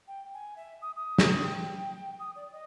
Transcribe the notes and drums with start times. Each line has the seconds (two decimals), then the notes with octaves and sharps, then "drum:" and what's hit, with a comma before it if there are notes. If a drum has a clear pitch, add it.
0.07 G5
0.34 G#5
0.56 E5
0.82 D#6
0.96 D#6
1.18 drum: snare
1.44 G5
2.19 D#6
2.35 D5
2.52 D#5